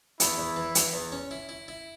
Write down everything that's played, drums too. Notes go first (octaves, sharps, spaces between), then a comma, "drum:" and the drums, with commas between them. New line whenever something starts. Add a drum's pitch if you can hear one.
E2 E4, drum: hi-hat
E2
E3
E3, drum: hi-hat
E2
C#4
E4
E4
E4